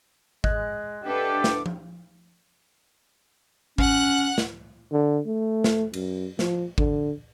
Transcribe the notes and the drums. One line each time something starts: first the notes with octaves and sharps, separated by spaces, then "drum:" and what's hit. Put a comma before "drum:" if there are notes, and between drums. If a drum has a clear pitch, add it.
G#3 D#5 F#6 G#6, drum: kick G#1
D4 G4 A4 B4 E5 F#5 D6
drum: snare
drum: tom F3
C#4 F#5 F#6, drum: kick G#1
drum: snare
D3
A3
drum: snare
F#2, drum: cymbal
F3, drum: snare
D3, drum: kick G#1